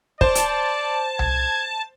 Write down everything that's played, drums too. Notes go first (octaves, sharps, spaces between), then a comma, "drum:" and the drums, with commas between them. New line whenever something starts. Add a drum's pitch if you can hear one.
C5 D5 A5, drum: kick
drum: hi-hat
G#6, drum: tom C2